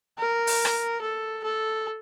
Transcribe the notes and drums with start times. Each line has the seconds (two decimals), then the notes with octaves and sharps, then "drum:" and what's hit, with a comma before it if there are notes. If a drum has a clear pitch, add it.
0.18 A#4
0.47 drum: open hi-hat
0.65 drum: rim click
1.02 A4
1.44 A4